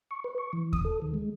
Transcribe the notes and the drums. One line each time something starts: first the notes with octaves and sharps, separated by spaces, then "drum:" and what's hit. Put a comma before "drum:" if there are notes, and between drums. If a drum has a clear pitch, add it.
C#6
B4
C#6
E3
D#6, drum: kick D#2
A4
D#3
G#3